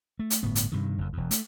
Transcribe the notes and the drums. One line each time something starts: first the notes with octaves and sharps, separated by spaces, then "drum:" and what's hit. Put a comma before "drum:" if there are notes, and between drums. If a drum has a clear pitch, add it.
A3
drum: hi-hat
G1 A2 B3
drum: hi-hat
G2 C3 D#3
F#1 F2
E1 E2
A3, drum: hi-hat